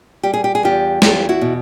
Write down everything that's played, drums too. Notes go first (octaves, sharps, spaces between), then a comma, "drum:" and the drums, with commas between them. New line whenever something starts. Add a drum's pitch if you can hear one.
G3 G4
G#4
G4
G#4
E2 F4 G4
E2 F4 G4, drum: snare
E4 F#4
B2